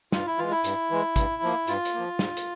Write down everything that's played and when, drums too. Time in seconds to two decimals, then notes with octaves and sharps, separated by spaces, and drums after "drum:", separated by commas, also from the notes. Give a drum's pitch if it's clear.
0.12 G2 F4, drum: snare
0.26 E4
0.38 E3 G#3 F4
0.51 E4
0.64 G2, drum: hi-hat
0.91 E3 G#3
1.16 G2, drum: kick, hi-hat
1.42 F3 A#3
1.67 G2 F4, drum: hi-hat
1.85 drum: hi-hat
1.94 F3 A#3
2.19 G#2, drum: snare
2.37 drum: hi-hat